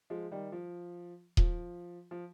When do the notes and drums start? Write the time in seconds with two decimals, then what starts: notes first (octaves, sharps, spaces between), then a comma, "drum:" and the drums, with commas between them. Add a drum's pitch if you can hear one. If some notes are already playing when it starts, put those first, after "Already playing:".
0.10 F3 G#3
0.31 D#3 G3
0.52 F3
1.37 F3, drum: kick D#1
2.11 F3